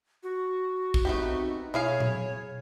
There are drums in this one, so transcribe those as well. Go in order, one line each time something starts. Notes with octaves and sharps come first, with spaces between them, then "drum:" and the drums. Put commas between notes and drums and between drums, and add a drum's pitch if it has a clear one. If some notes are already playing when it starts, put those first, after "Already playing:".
F#4
drum: kick
A3 B3 C4 D#4 G4
B2 E4 G#4 C#5 F5
drum: tom A#2